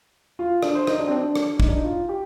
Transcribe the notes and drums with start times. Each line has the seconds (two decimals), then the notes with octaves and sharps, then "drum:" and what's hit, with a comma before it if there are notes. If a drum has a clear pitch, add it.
0.39 F4
0.63 D4, drum: rim click
0.75 C5
0.87 D#4, drum: rim click
0.99 D4
1.08 C4
1.11 D4
1.36 drum: rim click
1.60 D#4, drum: kick
1.68 D4
1.76 D#4
1.84 F4
2.09 G4